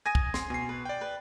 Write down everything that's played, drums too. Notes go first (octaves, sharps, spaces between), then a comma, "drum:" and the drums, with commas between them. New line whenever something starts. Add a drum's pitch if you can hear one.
G#5 D#6 G#6 A#6 D#7
drum: kick
C6, drum: snare
B2 G#5 C7
B4
D5 G5
B4